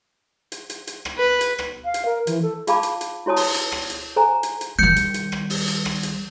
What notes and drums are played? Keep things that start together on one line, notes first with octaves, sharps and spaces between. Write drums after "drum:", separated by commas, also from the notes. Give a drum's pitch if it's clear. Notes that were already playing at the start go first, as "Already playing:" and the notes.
drum: hi-hat
drum: hi-hat
drum: hi-hat
drum: rim click
B4
drum: hi-hat
drum: rim click
F5
drum: hi-hat
A#4
E3, drum: hi-hat
A4
F4 G#4 F5 A5 B5 D6, drum: hi-hat
drum: hi-hat
drum: hi-hat
E4 F#4 C#5 A5 D#6
drum: open hi-hat
drum: hi-hat
drum: rim click
drum: hi-hat
A4 C5 G#5 A#5
drum: hi-hat
drum: hi-hat
D#3 G3 G6 C#7
drum: hi-hat
drum: hi-hat
drum: rim click
drum: open hi-hat
drum: hi-hat
drum: rim click
drum: hi-hat